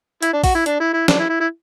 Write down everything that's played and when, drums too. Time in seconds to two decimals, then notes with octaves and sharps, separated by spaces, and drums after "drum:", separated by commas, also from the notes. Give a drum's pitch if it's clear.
0.22 E4, drum: hi-hat
0.33 D4
0.44 F#4, drum: kick A1, open hi-hat
0.55 E4
0.66 D4, drum: hi-hat
0.80 E4
0.93 E4
1.08 D4, drum: snare
1.19 E4
1.29 E4
1.40 E4